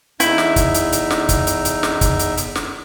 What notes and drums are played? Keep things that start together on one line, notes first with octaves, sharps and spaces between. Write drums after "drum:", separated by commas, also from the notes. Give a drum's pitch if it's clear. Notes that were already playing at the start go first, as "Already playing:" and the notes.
E2 D#4 E4 E5, drum: hi-hat
drum: snare
drum: kick, hi-hat
drum: hi-hat
drum: hi-hat
drum: snare
drum: kick, hi-hat
drum: hi-hat
drum: hi-hat
drum: snare
drum: kick, hi-hat
drum: hi-hat
drum: hi-hat
drum: snare